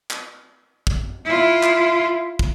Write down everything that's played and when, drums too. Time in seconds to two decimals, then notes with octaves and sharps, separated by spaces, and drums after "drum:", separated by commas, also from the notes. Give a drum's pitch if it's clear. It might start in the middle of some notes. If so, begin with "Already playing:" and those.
0.10 drum: clap
0.87 drum: kick
1.25 E4 F4
1.63 drum: clap
2.39 drum: kick